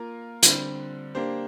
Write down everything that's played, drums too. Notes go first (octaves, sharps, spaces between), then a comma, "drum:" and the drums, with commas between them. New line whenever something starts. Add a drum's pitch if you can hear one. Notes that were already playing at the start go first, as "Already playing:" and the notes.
Already playing: A#3 F4 A#4
D3 G3 C4, drum: hi-hat
A#3 D4 G4 C5